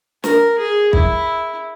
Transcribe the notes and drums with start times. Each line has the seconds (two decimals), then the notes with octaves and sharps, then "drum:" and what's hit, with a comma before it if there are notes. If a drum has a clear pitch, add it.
0.24 A#4, drum: snare
0.58 G#4
0.93 E4, drum: kick